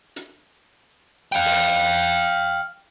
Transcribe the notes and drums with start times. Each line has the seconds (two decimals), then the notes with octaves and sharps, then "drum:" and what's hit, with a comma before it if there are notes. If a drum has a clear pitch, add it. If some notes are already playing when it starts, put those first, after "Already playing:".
0.16 drum: hi-hat
1.32 F5 G5
1.46 drum: open hi-hat